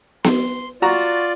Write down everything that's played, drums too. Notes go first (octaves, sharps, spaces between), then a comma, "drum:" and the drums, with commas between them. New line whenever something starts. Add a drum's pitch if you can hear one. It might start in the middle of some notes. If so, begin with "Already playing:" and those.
C6, drum: snare B3
F4 F#4 D5 A#5